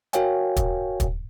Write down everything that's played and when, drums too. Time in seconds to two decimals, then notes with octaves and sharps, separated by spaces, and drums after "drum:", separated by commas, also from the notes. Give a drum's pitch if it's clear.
0.13 F#4 A#4 C#5 F5 G5 G#5, drum: hi-hat
0.56 drum: kick, hi-hat
1.00 drum: kick, hi-hat